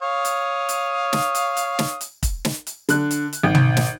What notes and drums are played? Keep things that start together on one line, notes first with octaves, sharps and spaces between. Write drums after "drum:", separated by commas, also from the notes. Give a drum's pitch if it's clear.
C#5 F5 D#6
drum: hi-hat
drum: hi-hat
drum: snare
drum: hi-hat
drum: hi-hat
drum: snare
drum: hi-hat
drum: kick, hi-hat
drum: snare
drum: hi-hat
D3 F#6, drum: hi-hat
drum: hi-hat
drum: hi-hat
G#1
drum: tom
drum: snare